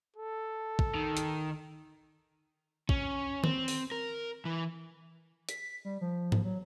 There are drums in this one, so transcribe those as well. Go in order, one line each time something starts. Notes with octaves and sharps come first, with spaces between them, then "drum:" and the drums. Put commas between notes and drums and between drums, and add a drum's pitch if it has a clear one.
A4
drum: kick
D#3
drum: hi-hat
C#4, drum: kick
C4, drum: tom D#3
drum: open hi-hat
A#4
E3
B6, drum: hi-hat
G3
F3
drum: tom G#2
F#3